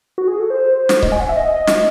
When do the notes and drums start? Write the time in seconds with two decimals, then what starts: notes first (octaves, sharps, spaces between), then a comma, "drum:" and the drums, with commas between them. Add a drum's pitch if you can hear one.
0.18 F#4
0.28 G#4
0.39 A4
0.50 C5
0.89 drum: snare
1.02 D#5, drum: kick C#1
1.12 G#5
1.20 F#5
1.29 E5
1.37 D#5
1.54 D#5
1.67 drum: snare